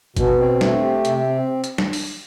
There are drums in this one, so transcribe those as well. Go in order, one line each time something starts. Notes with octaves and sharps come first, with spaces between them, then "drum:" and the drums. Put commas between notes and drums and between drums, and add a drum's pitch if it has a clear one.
B2, drum: kick G1, hi-hat
C4
A3, drum: snare
G4
C3, drum: hi-hat
C4
drum: hi-hat
drum: snare
drum: open hi-hat